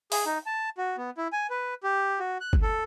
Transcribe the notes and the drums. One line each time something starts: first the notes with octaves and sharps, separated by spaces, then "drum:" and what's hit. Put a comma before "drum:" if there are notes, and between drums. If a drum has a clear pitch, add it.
G#4, drum: open hi-hat
D#4
A5
F#4
B3
E4
G#5
B4
G4
F#4
F#6
drum: kick
A4